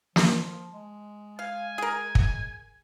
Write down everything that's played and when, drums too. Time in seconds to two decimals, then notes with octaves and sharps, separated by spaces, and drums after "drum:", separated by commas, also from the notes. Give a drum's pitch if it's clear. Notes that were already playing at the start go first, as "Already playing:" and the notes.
0.16 F3, drum: snare
0.72 G#3
1.39 F5 G#5
1.78 G#4 A#4
2.15 drum: kick